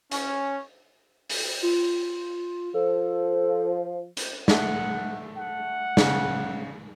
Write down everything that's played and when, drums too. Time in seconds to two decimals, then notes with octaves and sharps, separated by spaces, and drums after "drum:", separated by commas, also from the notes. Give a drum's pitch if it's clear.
0.11 C#4, drum: hi-hat
1.30 drum: open hi-hat
1.62 F4
2.74 F3 A4
4.17 drum: hi-hat
4.48 A3 F#5, drum: snare
5.37 F#5
5.97 C#3, drum: snare